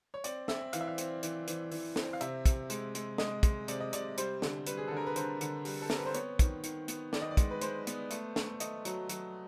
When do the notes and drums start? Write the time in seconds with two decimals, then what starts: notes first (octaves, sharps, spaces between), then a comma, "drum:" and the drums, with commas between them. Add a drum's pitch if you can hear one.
0.14 C#5
0.24 C4 D5, drum: hi-hat
0.48 C4 E5, drum: snare
0.73 E3 F5, drum: hi-hat
0.81 E5
0.87 F5
0.98 C4, drum: hi-hat
1.23 E3, drum: hi-hat
1.47 E3, drum: hi-hat
1.71 E3, drum: open hi-hat
1.96 C4, drum: snare
2.13 F5
2.21 C3 E5, drum: hi-hat
2.46 C3, drum: kick, hi-hat
2.70 G#3, drum: hi-hat
2.95 G#3, drum: hi-hat
3.18 G#3 D#5, drum: snare
3.43 G#3, drum: kick, hi-hat
3.68 C3 D5, drum: hi-hat
3.80 D#5
3.93 C3 D5, drum: hi-hat
4.17 G3 C5, drum: hi-hat
4.42 D3, drum: snare
4.66 G3 B4, drum: hi-hat
4.77 G#4
4.88 D3 A4
4.97 A#4
5.06 B4
5.16 D3 C5, drum: hi-hat
5.41 D3, drum: hi-hat
5.65 G3, drum: open hi-hat
5.82 A4
5.90 C4 A#4, drum: snare
5.98 B4
6.06 C5
6.14 B3 C#5, drum: hi-hat
6.39 D#3, drum: kick, hi-hat
6.63 D#3, drum: hi-hat
6.88 B3, drum: hi-hat
7.13 D#3 D5, drum: snare
7.21 D#5
7.31 D5
7.37 G#3, drum: kick, hi-hat
7.51 B4
7.61 G#3 C5, drum: hi-hat
7.87 B3, drum: hi-hat
8.10 A3, drum: hi-hat
8.36 A3, drum: snare
8.60 A3 D#5, drum: hi-hat
8.85 F#3, drum: hi-hat
9.09 F#3, drum: hi-hat